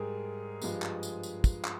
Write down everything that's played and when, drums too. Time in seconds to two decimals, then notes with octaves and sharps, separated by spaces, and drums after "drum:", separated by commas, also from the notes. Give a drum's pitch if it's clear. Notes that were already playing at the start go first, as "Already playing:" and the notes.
Already playing: G#2 G3 G#4 A#4
0.62 G2 F3 G#3, drum: tambourine
0.82 drum: clap
1.03 drum: tambourine
1.23 drum: tambourine
1.44 drum: kick, tambourine
1.65 drum: clap